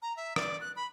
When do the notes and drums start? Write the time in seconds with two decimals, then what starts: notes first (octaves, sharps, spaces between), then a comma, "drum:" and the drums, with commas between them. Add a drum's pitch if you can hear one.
0.02 A#5
0.17 E5
0.36 D5, drum: rim click
0.61 F#6
0.76 B5